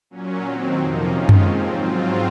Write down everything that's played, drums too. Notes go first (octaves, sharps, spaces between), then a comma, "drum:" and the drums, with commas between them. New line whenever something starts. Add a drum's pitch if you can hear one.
A#2 F#3 C#4
D#3 F#3 C4
F2 C3 F3 A#3 D#4
D#3 G#3 C#4 F4
drum: tom F#2
G#2 F3 C4
G#2 F#3 C4 F4